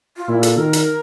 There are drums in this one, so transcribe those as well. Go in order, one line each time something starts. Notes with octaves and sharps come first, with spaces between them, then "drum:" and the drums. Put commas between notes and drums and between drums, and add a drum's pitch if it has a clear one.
F4
A#2 E4
A4, drum: hi-hat
D#3 A#4
drum: hi-hat